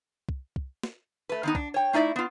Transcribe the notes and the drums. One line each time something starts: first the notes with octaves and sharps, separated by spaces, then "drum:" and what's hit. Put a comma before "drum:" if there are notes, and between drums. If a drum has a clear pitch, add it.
drum: kick
drum: kick
drum: snare
A3 B4
D#3 B3 D#4
D4, drum: kick
C#5 G5
A3 D#4 E4 D5 E5
B3 F4